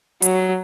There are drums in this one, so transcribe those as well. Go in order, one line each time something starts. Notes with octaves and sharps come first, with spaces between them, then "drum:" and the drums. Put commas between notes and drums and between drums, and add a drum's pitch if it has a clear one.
F#3, drum: hi-hat